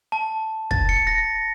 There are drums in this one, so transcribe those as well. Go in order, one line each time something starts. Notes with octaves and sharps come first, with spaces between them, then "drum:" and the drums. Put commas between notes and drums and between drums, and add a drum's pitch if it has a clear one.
A5
A6, drum: kick
C#7
A#6